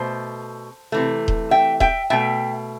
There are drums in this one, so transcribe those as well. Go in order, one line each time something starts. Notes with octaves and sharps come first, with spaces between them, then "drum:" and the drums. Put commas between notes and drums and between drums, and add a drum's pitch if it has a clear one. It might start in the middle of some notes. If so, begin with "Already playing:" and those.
Already playing: B2 A3 C5
C3 E3 A3
drum: kick D#1
E5 G5
E5 G5, drum: kick D#1
B2 A3 E5 G5